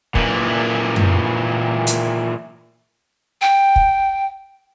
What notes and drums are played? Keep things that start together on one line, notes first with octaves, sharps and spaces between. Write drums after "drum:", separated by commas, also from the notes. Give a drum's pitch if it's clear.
A#2 E3, drum: kick
drum: tom F#2
drum: hi-hat
G5
drum: kick